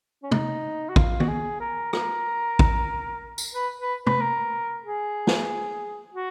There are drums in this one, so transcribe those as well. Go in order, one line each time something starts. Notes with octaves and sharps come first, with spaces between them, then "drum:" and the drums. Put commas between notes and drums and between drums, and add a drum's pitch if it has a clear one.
C#4
D#4, drum: tom
F#4
F4, drum: kick
F#4, drum: tom D#3
G#4
A#4
A#4, drum: rim click
drum: kick
drum: tambourine
B4
B4
B4, drum: tom
A#4
G#4
drum: snare
F#4